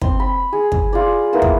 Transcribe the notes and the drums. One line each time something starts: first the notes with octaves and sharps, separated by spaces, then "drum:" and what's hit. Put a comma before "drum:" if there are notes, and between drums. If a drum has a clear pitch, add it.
C4 C6, drum: kick
B5
G#4
drum: kick
F4 G#4 D5
A#3 B3 E4
drum: kick